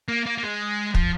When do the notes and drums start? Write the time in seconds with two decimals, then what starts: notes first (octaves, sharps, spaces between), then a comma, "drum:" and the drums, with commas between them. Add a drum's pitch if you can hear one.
0.08 A#3
0.26 A#3
0.38 A#3
0.43 G#3
0.95 F3, drum: kick